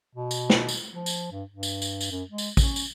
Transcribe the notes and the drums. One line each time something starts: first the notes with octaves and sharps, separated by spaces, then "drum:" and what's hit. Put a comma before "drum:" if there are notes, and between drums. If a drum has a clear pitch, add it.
B2
drum: tambourine
drum: snare
drum: tambourine
F3
drum: tambourine
G2
G2
drum: tambourine
drum: tambourine
drum: tambourine
F#2
G#3
drum: tambourine
C#4, drum: kick, tambourine
drum: tambourine